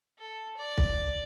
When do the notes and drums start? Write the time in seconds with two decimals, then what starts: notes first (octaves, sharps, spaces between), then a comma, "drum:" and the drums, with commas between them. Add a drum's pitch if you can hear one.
0.19 A4
0.57 D5
0.78 drum: kick